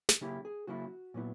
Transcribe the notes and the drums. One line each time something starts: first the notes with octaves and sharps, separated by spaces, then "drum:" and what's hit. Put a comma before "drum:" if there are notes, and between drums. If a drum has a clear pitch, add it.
drum: snare
C#3 F#3 A#3 C#4 E4 G4
G#4
C#3 F#3 A#3 C#4 E4 F#4
A#2 F#3 B3 E4